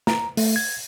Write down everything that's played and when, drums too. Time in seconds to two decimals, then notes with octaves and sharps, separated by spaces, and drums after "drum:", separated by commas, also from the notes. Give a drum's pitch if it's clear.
0.07 A#5, drum: snare
0.37 A3, drum: open hi-hat
0.56 G#6